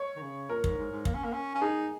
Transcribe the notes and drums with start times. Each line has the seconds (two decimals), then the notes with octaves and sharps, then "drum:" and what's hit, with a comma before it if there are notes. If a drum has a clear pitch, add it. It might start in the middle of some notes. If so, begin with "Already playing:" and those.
Already playing: C#5
0.16 D#3
0.22 C#3
0.50 A#2 A#4
0.64 G#2, drum: kick
0.77 G#2
0.91 G#2
1.05 A#3, drum: kick
1.14 C#4
1.24 A#3
1.33 C#4
1.55 C#4
1.61 D#4 G#4